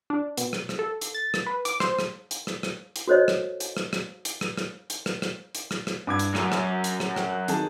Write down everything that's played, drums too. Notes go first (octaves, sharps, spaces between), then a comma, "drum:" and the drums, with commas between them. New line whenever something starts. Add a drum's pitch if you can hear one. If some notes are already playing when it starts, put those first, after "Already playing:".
D4
B2, drum: hi-hat
drum: rim click
drum: rim click
A4
drum: hi-hat
A6
drum: rim click
B4
D6, drum: hi-hat
C5, drum: rim click
drum: rim click
drum: hi-hat
drum: rim click
drum: rim click
drum: hi-hat
F#4 A4 C5 C#5 D#5
drum: rim click
drum: hi-hat
drum: rim click
drum: rim click
drum: hi-hat
drum: rim click
drum: rim click
drum: hi-hat
drum: rim click
drum: rim click
drum: hi-hat
drum: rim click
drum: rim click
G2 D6 G#6
drum: hi-hat
F#2 G#5, drum: rim click
drum: rim click
drum: hi-hat
drum: rim click
G5, drum: rim click
F#6
D#3 G#4 A5, drum: hi-hat